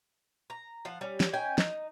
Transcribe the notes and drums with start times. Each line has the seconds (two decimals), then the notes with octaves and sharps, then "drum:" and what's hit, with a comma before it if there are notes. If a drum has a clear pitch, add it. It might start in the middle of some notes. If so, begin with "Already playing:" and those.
0.50 A#5
0.85 F3 F5 F#5
1.01 G3 C#4
1.20 drum: snare
1.33 C#4 D#4 G5 G#5
1.58 D#4, drum: snare